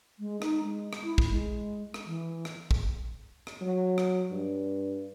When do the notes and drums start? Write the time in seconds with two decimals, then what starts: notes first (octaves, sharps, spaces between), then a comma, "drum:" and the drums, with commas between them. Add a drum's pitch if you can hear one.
0.19 G#3
0.42 D#4, drum: rim click
0.63 G#3
0.93 drum: rim click
1.03 E4
1.18 drum: kick
1.30 G#3
1.94 drum: rim click
2.06 E3
2.45 drum: rim click
2.71 drum: kick
3.47 drum: rim click
3.61 F#3
3.98 drum: rim click
4.31 G2